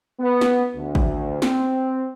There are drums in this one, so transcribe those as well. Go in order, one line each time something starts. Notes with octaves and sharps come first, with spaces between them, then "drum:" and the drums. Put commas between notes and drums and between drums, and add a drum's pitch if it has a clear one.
B3
drum: snare
D2
drum: kick G#1
C4, drum: snare